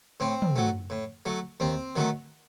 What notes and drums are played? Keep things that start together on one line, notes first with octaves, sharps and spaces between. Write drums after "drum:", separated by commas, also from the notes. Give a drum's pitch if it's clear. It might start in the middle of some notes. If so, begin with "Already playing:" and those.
A2 C4
drum: tom
F#3 A3
A2
F#3 A3
D#2 C4
D#3 F#3 A3